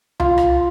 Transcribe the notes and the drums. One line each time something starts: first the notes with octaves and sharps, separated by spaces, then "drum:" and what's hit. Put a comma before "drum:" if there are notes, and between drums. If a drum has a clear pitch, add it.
F4, drum: tom C#2
drum: rim click